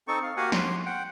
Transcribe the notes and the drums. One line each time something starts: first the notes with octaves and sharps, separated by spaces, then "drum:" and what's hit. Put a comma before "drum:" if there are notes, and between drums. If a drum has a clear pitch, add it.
C4 D#4 A4 C#6
F5
A#3 F#4 G4 F5 F#5 G#5
C6, drum: snare
F#5 G5